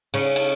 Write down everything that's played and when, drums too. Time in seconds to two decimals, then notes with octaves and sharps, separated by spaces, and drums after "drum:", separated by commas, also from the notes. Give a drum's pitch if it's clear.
0.14 C#3 C#4, drum: cymbal
0.36 drum: cymbal